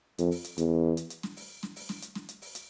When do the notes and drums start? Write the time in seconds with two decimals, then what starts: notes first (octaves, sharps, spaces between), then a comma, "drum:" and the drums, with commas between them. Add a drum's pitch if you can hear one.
0.18 F2, drum: hi-hat
0.31 drum: open hi-hat
0.44 drum: hi-hat
0.58 E2, drum: hi-hat
0.97 drum: hi-hat
1.10 drum: hi-hat
1.23 drum: snare
1.37 drum: open hi-hat
1.63 drum: snare
1.76 drum: open hi-hat
1.89 drum: snare
2.02 drum: hi-hat
2.15 drum: snare
2.29 drum: hi-hat
2.42 drum: open hi-hat
2.55 drum: hi-hat